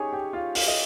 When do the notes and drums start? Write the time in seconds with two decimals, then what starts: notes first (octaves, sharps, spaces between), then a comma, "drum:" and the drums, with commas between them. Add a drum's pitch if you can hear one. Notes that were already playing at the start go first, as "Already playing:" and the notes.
Already playing: C#4 D#4 G4 G#4 C#5 G#5
0.13 G4 G5
0.33 F4 F5
0.55 F5, drum: open hi-hat
0.68 D#5